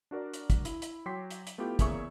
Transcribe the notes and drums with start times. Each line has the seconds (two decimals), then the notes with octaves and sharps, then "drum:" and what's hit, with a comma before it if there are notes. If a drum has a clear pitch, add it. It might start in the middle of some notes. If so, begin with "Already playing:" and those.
0.11 D4 F#4 A#4 D5
0.34 drum: hi-hat
0.50 drum: kick, hi-hat
0.65 E4, drum: hi-hat
0.82 drum: hi-hat
1.06 F#3 G5 C6 D6 B6 C7
1.31 drum: hi-hat
1.47 drum: hi-hat
1.58 A3 B3 E4 F4 G4
1.79 E2 C#3 A#3 G#4 E5 C#6, drum: kick, hi-hat